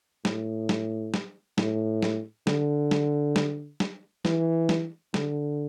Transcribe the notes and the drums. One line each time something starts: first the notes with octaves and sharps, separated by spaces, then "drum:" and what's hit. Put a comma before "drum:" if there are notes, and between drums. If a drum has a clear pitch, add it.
A2, drum: snare
drum: snare
drum: snare
A2, drum: snare
drum: snare
D3, drum: snare
drum: snare
drum: snare
drum: snare
E3, drum: snare
drum: snare
D3, drum: snare